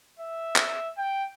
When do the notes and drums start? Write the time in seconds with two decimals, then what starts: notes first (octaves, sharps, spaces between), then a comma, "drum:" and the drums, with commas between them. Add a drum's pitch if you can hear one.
0.19 E5
0.56 drum: clap
0.97 G5